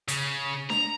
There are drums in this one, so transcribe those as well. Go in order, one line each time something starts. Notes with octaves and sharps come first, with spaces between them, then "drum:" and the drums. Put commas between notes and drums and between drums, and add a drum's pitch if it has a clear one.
C#3, drum: hi-hat
A#5, drum: snare D4